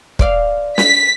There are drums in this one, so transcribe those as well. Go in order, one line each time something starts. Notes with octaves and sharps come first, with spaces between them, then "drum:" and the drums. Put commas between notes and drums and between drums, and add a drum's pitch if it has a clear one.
C5 D5 F5, drum: kick
B6, drum: snare